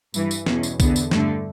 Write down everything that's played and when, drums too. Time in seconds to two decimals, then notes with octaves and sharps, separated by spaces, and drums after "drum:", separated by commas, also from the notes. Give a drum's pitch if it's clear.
0.14 G2 E3, drum: tambourine
0.31 drum: tambourine
0.46 E2 B2 C#4, drum: snare
0.63 drum: tambourine
0.80 E2 D3 B3, drum: kick, tambourine
0.96 drum: tambourine
1.11 G2 D3 A3, drum: snare